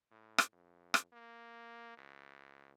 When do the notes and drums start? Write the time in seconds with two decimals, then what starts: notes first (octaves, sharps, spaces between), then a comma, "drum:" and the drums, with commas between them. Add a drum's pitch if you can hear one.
0.11 A2
0.38 drum: rim click
0.53 F2
0.94 drum: rim click
1.12 A#3
1.97 C#2